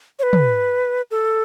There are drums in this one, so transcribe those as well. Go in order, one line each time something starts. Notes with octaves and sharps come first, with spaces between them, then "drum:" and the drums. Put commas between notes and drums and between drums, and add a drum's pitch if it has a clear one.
C#5
B4
drum: tom
A4